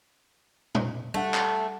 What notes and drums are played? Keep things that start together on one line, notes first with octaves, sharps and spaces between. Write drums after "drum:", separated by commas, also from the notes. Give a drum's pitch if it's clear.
drum: tom A#2
G3 A3 D4 F#5
drum: clap